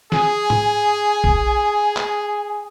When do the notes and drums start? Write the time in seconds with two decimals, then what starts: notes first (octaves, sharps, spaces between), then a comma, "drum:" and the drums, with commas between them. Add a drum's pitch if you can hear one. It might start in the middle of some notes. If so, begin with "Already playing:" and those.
0.12 G#4 G#5, drum: snare
0.50 drum: tom G#2
1.24 drum: kick A#1
1.97 drum: clap